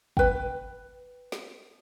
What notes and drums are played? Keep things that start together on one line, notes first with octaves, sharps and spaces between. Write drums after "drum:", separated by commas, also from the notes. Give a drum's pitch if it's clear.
B4 G5, drum: kick
drum: snare